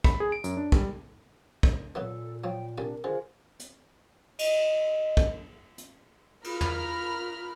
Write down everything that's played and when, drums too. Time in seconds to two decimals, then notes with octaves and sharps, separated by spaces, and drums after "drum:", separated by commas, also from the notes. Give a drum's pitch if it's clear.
0.04 B5, drum: kick
0.20 G#4
0.32 D7
0.44 F#2, drum: hi-hat
0.57 D4
0.72 G3, drum: kick
1.63 drum: kick
1.95 A#2 E3 F#3 B3 A4
2.44 F3 F#3 G5
2.78 C2 G3 D4 A#4 G#5
3.04 D3 F4 G#4 C5 G#5
3.59 drum: hi-hat
4.39 D#5, drum: cymbal
5.17 drum: kick
5.78 drum: hi-hat
6.44 F4 A#4 B5 F6, drum: cymbal
6.61 drum: tom